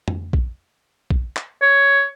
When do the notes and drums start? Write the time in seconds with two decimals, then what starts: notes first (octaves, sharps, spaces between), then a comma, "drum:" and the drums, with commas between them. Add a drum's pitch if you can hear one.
0.08 drum: tom F2
0.33 drum: kick
1.11 drum: kick
1.36 drum: clap
1.62 C#5